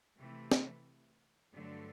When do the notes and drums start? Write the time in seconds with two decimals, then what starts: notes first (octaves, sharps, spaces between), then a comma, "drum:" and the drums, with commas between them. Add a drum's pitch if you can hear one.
0.18 C3 E3 A3
0.51 drum: snare
1.53 G2 D3 F#3 A3